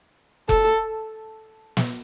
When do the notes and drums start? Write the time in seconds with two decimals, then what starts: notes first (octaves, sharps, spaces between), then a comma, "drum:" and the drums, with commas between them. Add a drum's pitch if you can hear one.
0.49 A4, drum: kick F1
1.77 drum: snare